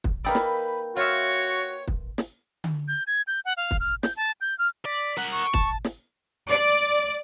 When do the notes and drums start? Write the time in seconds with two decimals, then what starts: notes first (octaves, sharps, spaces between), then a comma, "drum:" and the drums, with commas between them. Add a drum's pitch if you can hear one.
0.04 drum: kick
0.24 A#3 D#4 B4 D5 G5 B5 E6
0.35 drum: snare
0.96 F4 F#4 C#5 E5
1.87 drum: kick
2.18 drum: snare
2.64 drum: tom D3
2.88 G6
3.07 G#6
3.27 G6
3.45 F#5
3.57 F5
3.71 drum: kick
3.80 F6
4.03 G6, drum: snare
4.17 A5
4.41 G6
4.59 F6
4.85 D5 B6
5.17 A#4 F#5
5.32 C#6
5.54 A5, drum: kick
5.84 drum: snare
6.49 D5